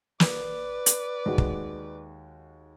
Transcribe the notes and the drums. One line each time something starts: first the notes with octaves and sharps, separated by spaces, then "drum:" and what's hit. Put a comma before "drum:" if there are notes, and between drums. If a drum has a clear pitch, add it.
B4 D5, drum: snare
drum: hi-hat
D#2 G#3 F#4
drum: kick